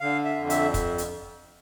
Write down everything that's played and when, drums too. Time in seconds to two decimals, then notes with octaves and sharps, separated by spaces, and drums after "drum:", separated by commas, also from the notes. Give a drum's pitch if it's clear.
0.01 D3 F5
0.25 E5
0.37 F2
0.50 E5, drum: hi-hat
0.74 drum: kick, hi-hat
0.98 drum: hi-hat